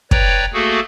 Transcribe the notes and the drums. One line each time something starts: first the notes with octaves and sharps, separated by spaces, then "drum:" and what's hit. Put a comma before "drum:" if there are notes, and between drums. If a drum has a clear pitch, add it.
B4 C#5 D5 G5 A#5, drum: kick
A3 A#3 F#4 G#4 A4